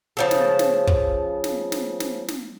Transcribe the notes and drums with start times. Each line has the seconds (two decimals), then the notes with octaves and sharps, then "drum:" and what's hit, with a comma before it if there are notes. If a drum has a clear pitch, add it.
0.17 C#3 F3 A4
0.31 drum: snare
0.59 drum: snare
0.87 drum: kick
1.44 drum: snare
1.72 drum: snare
2.00 drum: snare
2.28 drum: snare